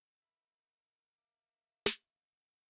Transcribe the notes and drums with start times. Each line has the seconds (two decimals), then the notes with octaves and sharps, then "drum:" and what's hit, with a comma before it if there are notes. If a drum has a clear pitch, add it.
0.22 A#4 E5 B5
1.18 E5 F5 D6
1.86 drum: snare